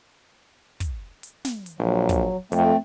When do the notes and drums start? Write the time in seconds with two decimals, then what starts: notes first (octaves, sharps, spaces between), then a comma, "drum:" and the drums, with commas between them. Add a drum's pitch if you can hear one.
0.80 drum: kick, hi-hat
1.23 drum: hi-hat
1.45 drum: snare
1.66 drum: hi-hat
1.79 A#1 F#3
2.09 drum: kick, hi-hat
2.52 F2 A3 C4, drum: hi-hat